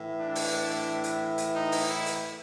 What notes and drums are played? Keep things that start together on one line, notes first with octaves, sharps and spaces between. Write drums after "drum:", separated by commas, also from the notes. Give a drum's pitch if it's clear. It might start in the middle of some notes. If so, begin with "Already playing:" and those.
Already playing: A2 E3
D4
drum: open hi-hat
drum: hi-hat
drum: hi-hat
D#4
drum: open hi-hat
E4
drum: hi-hat